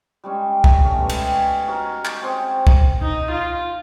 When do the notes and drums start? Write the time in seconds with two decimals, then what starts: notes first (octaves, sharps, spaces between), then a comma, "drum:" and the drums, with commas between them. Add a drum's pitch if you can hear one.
0.24 G3 G#3 C#4
0.64 drum: kick C2
0.84 A3 C#4
0.98 G3 G#3 B3
1.09 drum: cymbal
1.32 G#5
1.67 D#4 F#4 A#4 C#5
2.05 drum: clap
2.21 C4 G#4 C5 C#5
2.67 drum: kick C2
3.02 D#4
3.32 F4